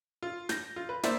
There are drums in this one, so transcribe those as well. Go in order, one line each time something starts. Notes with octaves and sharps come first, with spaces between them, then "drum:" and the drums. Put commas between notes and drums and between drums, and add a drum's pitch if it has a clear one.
F4
G6 A#6, drum: snare
F4
B4
A#3 C5 D5 E5, drum: snare